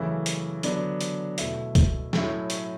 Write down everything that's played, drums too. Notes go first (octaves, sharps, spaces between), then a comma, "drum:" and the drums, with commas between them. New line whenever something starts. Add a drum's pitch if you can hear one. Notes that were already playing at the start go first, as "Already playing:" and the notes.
Already playing: F#2 C#3 E3 A3 E4
drum: hi-hat
D3 F#3 B3 D4, drum: hi-hat
drum: hi-hat
B2 A3 E4, drum: hi-hat
drum: kick, hi-hat
A2 F#3 A3 C#4 E4, drum: snare
drum: hi-hat